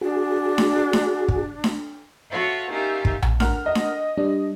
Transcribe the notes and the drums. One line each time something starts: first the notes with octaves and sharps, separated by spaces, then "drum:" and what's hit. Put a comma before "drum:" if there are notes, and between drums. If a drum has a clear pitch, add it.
D4 F#4 G#4
drum: snare D4
drum: snare D4
drum: kick
drum: snare D4
F4 F#4 A4 C#5 E5 F#5
A#3 C#4 D#4 F4 G4 E5
drum: kick
drum: tom A#1
A#4 F#5 F6, drum: snare D4
D#5
drum: snare D4
G3 D4